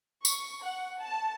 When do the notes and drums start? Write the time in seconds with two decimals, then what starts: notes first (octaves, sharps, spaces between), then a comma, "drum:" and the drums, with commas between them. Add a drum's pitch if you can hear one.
0.25 C#6, drum: tambourine
0.62 F#5
1.01 A5